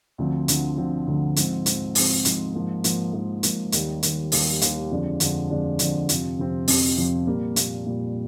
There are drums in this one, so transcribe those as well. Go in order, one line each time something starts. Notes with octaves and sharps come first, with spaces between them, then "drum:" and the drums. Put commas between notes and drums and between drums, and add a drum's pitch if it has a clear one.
D2 D3 F3 C4
D2 D3 F3 C4, drum: hi-hat
D2 D3 F3 C4
D2 D3 F3 C4
G#2 F3 C4, drum: hi-hat
G#2 F3 C4, drum: hi-hat
G#2 F3 C4, drum: open hi-hat
G#2 F3 C4, drum: hi-hat
G#2 F3 A#3
G#2 F3 A#3, drum: hi-hat
G#2 F3 A#3
G#2 F3 A#3, drum: hi-hat
D#2 D#3 G3, drum: hi-hat
D#2 D#3 G3, drum: hi-hat
D#2 D#3 G3, drum: open hi-hat
D#2 D#3 G3, drum: hi-hat
F2 D3 F3 G#3 D4
F2 D3 F3 G#3 D4, drum: hi-hat
F2 D3 F3 G#3 D4
F2 D3 F3 G#3 D4, drum: hi-hat
F2 C3 F3 C4, drum: hi-hat
F2 C3 F3 C4
F2 C3 F3 C4, drum: open hi-hat
F2 C3 F3 C4
A#2 G3 A#3
A#2 G3 A#3, drum: hi-hat
A#2 G3 A#3